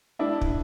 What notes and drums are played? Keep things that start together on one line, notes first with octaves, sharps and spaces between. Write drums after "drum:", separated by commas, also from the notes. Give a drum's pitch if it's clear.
D4 E4
drum: kick